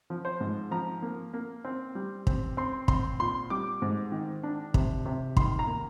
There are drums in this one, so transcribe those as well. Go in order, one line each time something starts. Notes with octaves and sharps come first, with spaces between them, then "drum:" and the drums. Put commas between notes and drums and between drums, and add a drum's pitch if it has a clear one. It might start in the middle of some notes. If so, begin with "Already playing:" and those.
F3
C5
G#2
F3 A#5
A#3
A#3
C4
G3
C4, drum: kick
C4 C6
C4 C6, drum: kick
A#2 C6
G3 D6
G#2
D#3
D4
C3, drum: kick
C3
D#3 C6, drum: kick
A#5
A#3